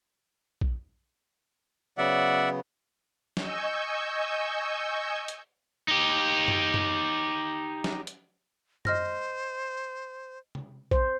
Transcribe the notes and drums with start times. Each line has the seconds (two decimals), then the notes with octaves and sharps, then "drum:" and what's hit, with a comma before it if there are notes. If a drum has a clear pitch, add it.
0.61 drum: kick A#1
1.98 C#3 F#3 B3 D5 E5 F#5
3.37 D#5 G#5 C#6 E6 G6, drum: snare
5.28 drum: hi-hat
5.88 D#4 G4
6.48 drum: tom
6.74 drum: tom
7.84 drum: snare
8.07 drum: hi-hat
8.85 C5 D#5 F6 A#6, drum: tom
10.55 drum: tom C3
10.91 C5, drum: kick A#1